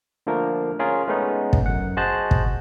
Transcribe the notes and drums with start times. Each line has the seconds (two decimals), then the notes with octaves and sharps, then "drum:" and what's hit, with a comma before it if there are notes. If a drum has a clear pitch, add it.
0.27 D3 F3 A3 A#3 A#4
0.79 C#4 F4 G#4 A#4
1.08 G#3 A3 B3 C#4 D#4
1.53 drum: kick
1.66 F#2 F#5
1.97 F#4 G#4 C5 D#5 A5 F#6
2.31 drum: kick